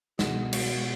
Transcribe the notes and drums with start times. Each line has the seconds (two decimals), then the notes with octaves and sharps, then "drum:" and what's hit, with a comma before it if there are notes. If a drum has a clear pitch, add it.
0.19 B2 G#3 B3 G#4, drum: snare
0.53 F#4, drum: cymbal